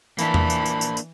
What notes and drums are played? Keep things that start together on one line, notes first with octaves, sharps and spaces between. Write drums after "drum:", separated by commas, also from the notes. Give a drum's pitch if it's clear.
E3 A#3 D4 A5 B5, drum: tambourine
drum: tom E2
drum: tambourine
drum: tambourine
drum: tambourine
drum: tambourine